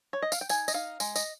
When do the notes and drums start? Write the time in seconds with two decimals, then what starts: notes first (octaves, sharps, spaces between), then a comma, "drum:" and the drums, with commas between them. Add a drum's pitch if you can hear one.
0.13 C#5
0.22 D#5
0.32 F5, drum: tambourine
0.41 G5
0.49 D#4 G#5, drum: tambourine
0.68 D#5, drum: tambourine
0.74 D#4 F5
1.00 G#3, drum: tambourine
1.16 D#5, drum: tambourine